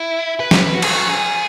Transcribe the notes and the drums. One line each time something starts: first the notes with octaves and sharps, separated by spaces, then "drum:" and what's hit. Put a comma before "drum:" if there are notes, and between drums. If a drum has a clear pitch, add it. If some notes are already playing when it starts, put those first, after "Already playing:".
Already playing: E4
B4
drum: snare
F#4
G#4, drum: cymbal
F#4
G#4